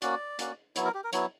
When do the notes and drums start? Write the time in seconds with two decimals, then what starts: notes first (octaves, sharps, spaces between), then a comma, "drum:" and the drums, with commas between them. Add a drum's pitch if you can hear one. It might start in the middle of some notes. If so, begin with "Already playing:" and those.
0.02 A#3 C#4 F#4 D5, drum: hi-hat
0.39 A#3 C#4 F#4, drum: hi-hat
0.76 F#3 B3 E4 C#5, drum: hi-hat
0.85 A#4
0.94 G4
1.04 A#4
1.13 F#3 B3 E4 C#5, drum: hi-hat